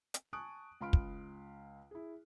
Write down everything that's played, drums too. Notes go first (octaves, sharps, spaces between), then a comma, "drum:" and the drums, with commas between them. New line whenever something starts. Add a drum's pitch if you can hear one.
drum: hi-hat
G#5 A5 C#6 D#6 F#6 D7
C#2 F5 B5 C6 F6 D7
drum: kick
E4 G#4